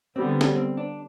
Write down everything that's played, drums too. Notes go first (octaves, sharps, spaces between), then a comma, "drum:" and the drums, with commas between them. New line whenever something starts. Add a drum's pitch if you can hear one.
D3 G3 B3 C4
drum: snare
C4
D4